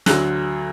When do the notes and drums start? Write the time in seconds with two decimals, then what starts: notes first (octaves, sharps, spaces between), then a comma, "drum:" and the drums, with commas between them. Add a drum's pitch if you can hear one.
0.06 D2 D3 F#3 F#6, drum: snare